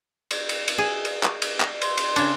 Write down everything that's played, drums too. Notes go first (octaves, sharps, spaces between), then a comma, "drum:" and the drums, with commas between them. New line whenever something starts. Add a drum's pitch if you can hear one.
drum: cymbal
drum: cymbal
drum: cymbal
G#4
drum: cymbal
drum: clap
drum: cymbal
drum: clap
C6, drum: cymbal
drum: cymbal
C#3 D4, drum: cymbal